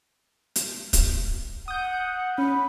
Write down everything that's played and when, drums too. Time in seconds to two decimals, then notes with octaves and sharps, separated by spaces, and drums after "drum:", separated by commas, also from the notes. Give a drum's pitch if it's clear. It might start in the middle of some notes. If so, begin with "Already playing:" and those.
0.56 drum: hi-hat
0.93 drum: kick, hi-hat
1.68 F#5 D#6 G6
2.38 C#4 B5